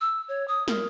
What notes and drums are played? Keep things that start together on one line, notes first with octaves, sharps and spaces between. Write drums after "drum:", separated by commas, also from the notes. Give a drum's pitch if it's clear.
E6
C#5
D#6
A#4, drum: snare